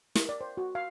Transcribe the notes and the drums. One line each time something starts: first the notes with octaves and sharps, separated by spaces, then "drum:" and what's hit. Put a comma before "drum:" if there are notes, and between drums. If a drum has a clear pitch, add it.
A#4, drum: snare
D5
C5
F#4
F5